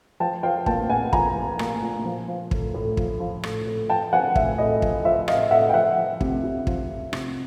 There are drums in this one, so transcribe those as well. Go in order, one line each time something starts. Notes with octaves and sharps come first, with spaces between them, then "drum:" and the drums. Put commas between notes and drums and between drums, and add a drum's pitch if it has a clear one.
F3 G5 A5
F3 F5 G5
A#2 G5 A5, drum: kick
A#2 F#5 G#5
F3 G#5 A#5, drum: kick
F3
A#2, drum: rim click
A#2
F3
F3
A2, drum: kick
A2
F3, drum: kick
F3
A2, drum: rim click
A2
F3 G5 A5
F3 F#5 G#5
A2 E5, drum: kick
A2 D#5
F3, drum: kick
F3 E5
A2 D#5 F5, drum: rim click
A2 E5 F#5
G5
F3 E5 F#5
F3
C3, drum: kick
C3
F3, drum: kick
F3
C3, drum: rim click